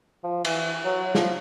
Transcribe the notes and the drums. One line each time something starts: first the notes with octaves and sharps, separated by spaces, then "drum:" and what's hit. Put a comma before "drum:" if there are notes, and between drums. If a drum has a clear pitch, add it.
F3
E3, drum: cymbal
F#3
F3, drum: snare